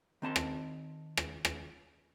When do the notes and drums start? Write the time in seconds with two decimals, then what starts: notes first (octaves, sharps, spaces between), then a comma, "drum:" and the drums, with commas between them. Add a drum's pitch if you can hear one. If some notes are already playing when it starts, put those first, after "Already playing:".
0.22 D#3 C4 A5 C6
0.36 drum: rim click
1.17 drum: rim click
1.45 drum: rim click